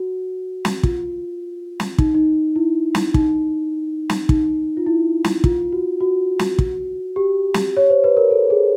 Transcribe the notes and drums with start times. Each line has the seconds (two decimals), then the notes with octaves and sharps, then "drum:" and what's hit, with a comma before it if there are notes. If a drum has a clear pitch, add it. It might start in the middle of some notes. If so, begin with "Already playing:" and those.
Already playing: F#4
0.65 drum: snare
0.83 F4, drum: kick
1.80 drum: snare
1.98 D#4, drum: kick
2.15 D#4
2.56 E4
2.95 drum: snare
3.14 D#4, drum: kick
4.10 drum: snare
4.29 D#4, drum: kick
4.77 F4
4.86 E4
5.24 drum: snare
5.44 F4, drum: kick
5.73 F#4
6.00 F#4
6.39 drum: snare
6.59 drum: kick
7.16 G4
7.54 drum: snare
7.77 C#5
7.90 C5
8.04 B4
8.17 A#4
8.31 A4
8.50 G#4